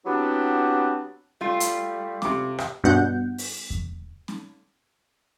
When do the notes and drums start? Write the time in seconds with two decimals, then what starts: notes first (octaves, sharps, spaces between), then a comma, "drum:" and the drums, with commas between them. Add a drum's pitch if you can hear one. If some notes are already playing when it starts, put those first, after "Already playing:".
0.06 F#3 B3 C4 D4 E4 G4
1.41 G3 A3 F4
1.60 drum: hi-hat
2.22 C3 D6, drum: snare C#4
2.58 drum: rim click
2.84 G2 B2 F#5 G6
3.38 drum: open hi-hat
3.70 drum: kick E2
4.28 drum: snare C#4